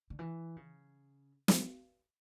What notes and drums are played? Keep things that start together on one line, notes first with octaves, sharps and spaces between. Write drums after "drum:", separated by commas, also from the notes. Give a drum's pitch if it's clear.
D3
E3
C#3
drum: snare